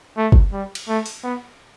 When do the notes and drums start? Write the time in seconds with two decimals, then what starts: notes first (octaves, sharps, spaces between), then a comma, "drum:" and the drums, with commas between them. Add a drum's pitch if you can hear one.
0.17 A3
0.32 drum: kick
0.52 G3
0.75 drum: cymbal
0.88 A3
1.06 drum: open hi-hat
1.24 B3